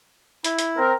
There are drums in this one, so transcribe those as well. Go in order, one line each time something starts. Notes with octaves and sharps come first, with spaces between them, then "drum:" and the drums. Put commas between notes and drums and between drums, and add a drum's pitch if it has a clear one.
E4, drum: hi-hat
drum: hi-hat
C4 A#4